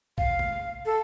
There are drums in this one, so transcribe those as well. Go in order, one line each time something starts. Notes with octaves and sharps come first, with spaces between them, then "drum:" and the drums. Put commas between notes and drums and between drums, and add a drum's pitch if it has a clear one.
F5, drum: kick
drum: tom C3
A4